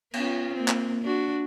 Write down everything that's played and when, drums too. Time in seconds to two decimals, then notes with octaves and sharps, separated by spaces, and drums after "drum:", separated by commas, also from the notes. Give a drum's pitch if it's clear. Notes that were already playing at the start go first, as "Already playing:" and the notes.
0.13 B3 C#4 F4, drum: cymbal
0.54 A#3 C4
0.68 drum: clap
1.03 D4 F#4